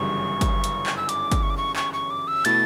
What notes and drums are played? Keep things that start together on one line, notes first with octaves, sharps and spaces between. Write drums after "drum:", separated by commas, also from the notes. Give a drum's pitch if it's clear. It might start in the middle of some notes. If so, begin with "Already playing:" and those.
Already playing: G1 F#2 C#3 E3 G3 C#6
drum: kick G1, hi-hat
drum: hi-hat
drum: clap
E6
D6, drum: hi-hat
drum: kick G1, hi-hat
C#6
D6
C#6
C#6, drum: clap
C#6
D6
E6
B2 A3 E4 A6, drum: hi-hat